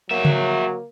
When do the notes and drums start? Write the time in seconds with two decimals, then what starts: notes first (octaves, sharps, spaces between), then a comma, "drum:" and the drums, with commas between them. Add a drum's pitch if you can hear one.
0.11 F#3 A#3 G#4 E5
0.25 drum: tom C#3